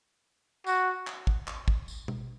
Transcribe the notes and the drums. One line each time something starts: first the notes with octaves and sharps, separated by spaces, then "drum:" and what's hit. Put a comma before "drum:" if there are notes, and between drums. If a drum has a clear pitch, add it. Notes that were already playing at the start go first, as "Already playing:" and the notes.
F#4, drum: tambourine
drum: clap
drum: kick
drum: clap
drum: kick
drum: tambourine
drum: tom